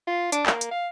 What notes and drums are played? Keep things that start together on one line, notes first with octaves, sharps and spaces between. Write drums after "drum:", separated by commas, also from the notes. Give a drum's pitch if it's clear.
F4
D4, drum: hi-hat
A#3, drum: clap
drum: hi-hat
F5